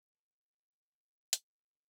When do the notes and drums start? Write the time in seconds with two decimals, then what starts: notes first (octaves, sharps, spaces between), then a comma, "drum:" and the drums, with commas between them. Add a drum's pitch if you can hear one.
0.11 B3 A5
0.23 G5
0.31 F#5
0.51 B2 G5
0.72 G5
0.92 B2 F#5
1.33 A3, drum: hi-hat
1.74 D4